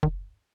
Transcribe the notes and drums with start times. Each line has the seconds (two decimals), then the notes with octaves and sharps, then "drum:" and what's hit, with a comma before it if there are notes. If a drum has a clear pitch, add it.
0.03 D#3, drum: kick